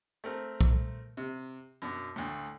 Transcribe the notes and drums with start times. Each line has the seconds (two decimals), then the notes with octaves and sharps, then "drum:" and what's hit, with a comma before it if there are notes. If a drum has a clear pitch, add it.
0.24 A3 C4 A#4
0.61 drum: kick B1
1.17 C3
1.82 F#2 B2 D4
2.16 D2 A2